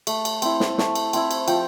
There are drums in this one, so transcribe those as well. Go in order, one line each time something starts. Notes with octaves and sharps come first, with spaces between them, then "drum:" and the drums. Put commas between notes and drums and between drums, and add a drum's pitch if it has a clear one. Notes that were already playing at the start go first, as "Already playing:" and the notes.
A3, drum: cymbal
drum: cymbal
C4 E4, drum: cymbal
drum: snare
A3, drum: snare
drum: cymbal
C4 E4, drum: cymbal
drum: cymbal
F3 G5, drum: cymbal